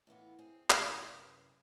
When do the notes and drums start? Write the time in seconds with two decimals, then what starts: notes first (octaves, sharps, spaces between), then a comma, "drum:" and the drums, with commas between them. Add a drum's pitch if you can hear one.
0.07 A2 E3 B3 F4
0.39 C4 G#4
0.70 B2 E3 G#3 A3 C4 C#4, drum: clap
0.94 F#2 C3 B4